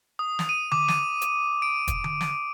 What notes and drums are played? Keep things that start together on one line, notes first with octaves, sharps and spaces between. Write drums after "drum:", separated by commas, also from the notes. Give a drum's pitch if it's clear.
D#6
drum: snare
D#7
D6, drum: tom D3
D#7, drum: snare
drum: hi-hat
D7
drum: kick, hi-hat
drum: tom D3
drum: snare